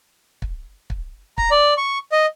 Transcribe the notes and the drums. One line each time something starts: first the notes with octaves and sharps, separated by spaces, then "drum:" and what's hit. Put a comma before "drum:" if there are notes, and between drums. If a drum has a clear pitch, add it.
drum: kick
drum: kick
A#5, drum: kick
D5
C#6
D#5